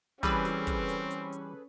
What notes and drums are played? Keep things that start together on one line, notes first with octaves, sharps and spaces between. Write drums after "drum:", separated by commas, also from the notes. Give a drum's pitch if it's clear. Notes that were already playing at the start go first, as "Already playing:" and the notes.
E3 G3 C4 C#4 G#4 A4 B4, drum: kick, hi-hat
drum: snare
drum: kick, hi-hat
drum: hi-hat
drum: hi-hat
drum: hi-hat